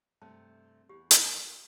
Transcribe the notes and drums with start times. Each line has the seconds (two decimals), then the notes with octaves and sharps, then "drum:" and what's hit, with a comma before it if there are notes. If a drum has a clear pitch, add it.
0.22 G2 C3 A3 A5
0.89 E2 G4
1.11 G5 B5, drum: hi-hat